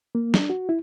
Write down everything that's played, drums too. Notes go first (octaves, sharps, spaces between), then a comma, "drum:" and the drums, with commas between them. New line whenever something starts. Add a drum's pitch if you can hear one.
A#3
D4, drum: snare
F#4
E4